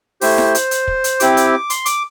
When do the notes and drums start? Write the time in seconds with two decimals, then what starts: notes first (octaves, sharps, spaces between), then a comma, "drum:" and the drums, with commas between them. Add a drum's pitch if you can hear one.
0.21 A3 E4 G4 C5, drum: open hi-hat
0.38 drum: snare E4
0.55 drum: hi-hat
0.71 drum: hi-hat
0.88 drum: kick
1.04 drum: hi-hat
1.20 C4 E4 G4 D6, drum: hi-hat
1.37 drum: hi-hat
1.70 C6, drum: hi-hat
1.86 D6, drum: hi-hat